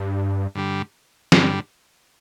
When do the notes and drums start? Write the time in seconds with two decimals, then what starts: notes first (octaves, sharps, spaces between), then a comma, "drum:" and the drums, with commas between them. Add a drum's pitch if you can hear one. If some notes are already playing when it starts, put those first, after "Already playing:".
Already playing: G2
0.55 G2 D3 G3
1.32 G2 D3 G3, drum: snare